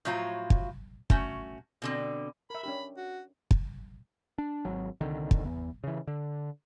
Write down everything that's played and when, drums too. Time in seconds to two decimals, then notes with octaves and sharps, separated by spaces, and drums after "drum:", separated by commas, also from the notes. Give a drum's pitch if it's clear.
0.05 A2 F3 F#3 F4 A#5
0.50 drum: kick
1.10 A3 C#4 F#4, drum: kick
1.82 B2 D3 C4
2.50 A#4 E5 B5
2.63 C#4 D4 G4 B5
2.97 F#4
3.51 drum: kick
4.38 D4
4.65 G#1 F#3
5.01 C2 D3 D#3
5.31 drum: kick
5.45 E2
5.84 C#3 E3
6.07 D3